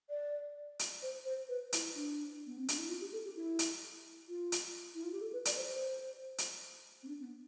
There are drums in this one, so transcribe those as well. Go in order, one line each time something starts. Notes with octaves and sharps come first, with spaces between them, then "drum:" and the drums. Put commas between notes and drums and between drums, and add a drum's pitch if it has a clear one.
D5
drum: hi-hat
C5
C5
B4
E4, drum: hi-hat
D4
B3
C4
D4, drum: hi-hat
E4
F4
G4
A4
G4
E4
drum: hi-hat
F4
drum: hi-hat
E4
F4
G4
A4
B4
D5, drum: hi-hat
C5
C5
drum: hi-hat
C4
D4
C4
B3